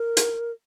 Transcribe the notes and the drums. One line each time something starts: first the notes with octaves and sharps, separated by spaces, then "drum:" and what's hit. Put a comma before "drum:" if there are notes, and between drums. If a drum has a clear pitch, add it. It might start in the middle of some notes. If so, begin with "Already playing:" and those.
Already playing: A#4
drum: hi-hat